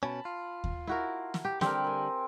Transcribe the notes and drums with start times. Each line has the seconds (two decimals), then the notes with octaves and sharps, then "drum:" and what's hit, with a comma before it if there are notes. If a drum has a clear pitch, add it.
0.03 B2 C#4 A5 B5
0.25 F4
0.64 drum: kick D#2
0.87 E4 F#4 A#4
1.34 drum: snare
1.45 G4
1.61 D3 G3 C4 G4 A#4, drum: snare
1.84 A#4 G#5